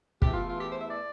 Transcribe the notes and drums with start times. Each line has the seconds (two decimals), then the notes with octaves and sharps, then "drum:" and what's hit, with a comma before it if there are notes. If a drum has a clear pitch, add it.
0.22 E2 E3 A3 E4 G4, drum: kick
0.34 F4
0.47 F4
0.60 G4
0.70 C5
0.79 E5
0.89 D5